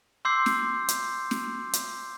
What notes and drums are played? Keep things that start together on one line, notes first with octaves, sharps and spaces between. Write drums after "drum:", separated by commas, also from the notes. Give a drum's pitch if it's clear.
C6 D6 E6 G6 C7
drum: snare
drum: hi-hat
drum: snare
drum: hi-hat